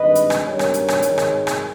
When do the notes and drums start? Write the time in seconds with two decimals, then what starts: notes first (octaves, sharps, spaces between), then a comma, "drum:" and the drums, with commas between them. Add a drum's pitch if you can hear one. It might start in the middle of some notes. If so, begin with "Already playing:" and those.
Already playing: G#1 G2 D#3 B4 D#5
0.15 drum: hi-hat
0.30 drum: rim click
0.44 G#1 G2 G3 B3 A#4 C#5
0.59 drum: rim click
0.74 drum: hi-hat
0.88 drum: rim click
1.03 G#1 G#2 D#3 G#3, drum: hi-hat
1.18 drum: rim click
1.47 drum: rim click